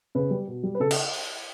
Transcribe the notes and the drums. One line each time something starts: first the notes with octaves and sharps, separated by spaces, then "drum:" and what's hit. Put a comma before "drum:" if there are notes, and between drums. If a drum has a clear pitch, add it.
C#3 B4
G3
B2
G3
B4
C#3 A4
drum: cymbal
drum: open hi-hat